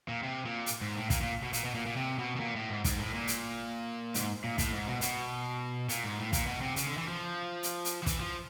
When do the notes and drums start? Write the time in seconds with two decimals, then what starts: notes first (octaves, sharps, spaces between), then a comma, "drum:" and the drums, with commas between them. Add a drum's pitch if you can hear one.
0.08 A#2
0.23 C3
0.45 A#2
0.66 drum: hi-hat
0.81 G#2
0.96 A2
1.10 A#2, drum: kick, hi-hat
1.21 A#2
1.43 B2
1.53 A#2, drum: hi-hat
1.65 B2
1.75 A#2
1.86 A#2
1.96 C3
2.19 B2
2.36 B2
2.40 A#2
2.56 A2
2.69 G#2
2.84 G#2, drum: kick, hi-hat
2.99 A2
3.13 A#2
3.28 drum: hi-hat
4.14 G#2, drum: hi-hat
4.44 A#2
4.58 A2, drum: kick, hi-hat
4.72 G#2
4.88 B2
5.01 B2, drum: hi-hat
5.89 A#2, drum: hi-hat
6.04 G#2
6.17 A2
6.33 A#2, drum: kick, hi-hat
6.47 B2
6.61 C3
6.76 C#3, drum: hi-hat
6.87 D3
6.98 E3
7.08 F3
7.63 drum: hi-hat
7.85 drum: hi-hat
8.03 F3
8.06 E3, drum: kick, hi-hat
8.20 F3